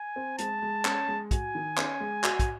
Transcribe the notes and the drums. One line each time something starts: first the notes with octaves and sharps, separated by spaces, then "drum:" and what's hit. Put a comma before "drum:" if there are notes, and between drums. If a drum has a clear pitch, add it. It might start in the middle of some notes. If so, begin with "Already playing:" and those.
Already playing: G#5
C4
G#3 A5, drum: hi-hat
G#3
C#4, drum: clap
G#3
F#4 G#5, drum: kick, hi-hat
D#3
C#4, drum: clap
G#3
F#4, drum: clap
drum: kick, hi-hat